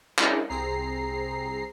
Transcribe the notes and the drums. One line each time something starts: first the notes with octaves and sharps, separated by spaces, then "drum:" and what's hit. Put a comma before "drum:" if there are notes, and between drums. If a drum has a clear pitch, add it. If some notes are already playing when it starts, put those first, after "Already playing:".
G#3 C#4 D4 E4 G#4 A#4, drum: clap
C2 C4 G#4 A#5 C7